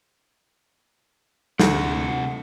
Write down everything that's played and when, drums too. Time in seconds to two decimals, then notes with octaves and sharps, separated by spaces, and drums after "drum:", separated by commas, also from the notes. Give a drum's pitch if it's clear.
1.59 D2 C3 F#5, drum: snare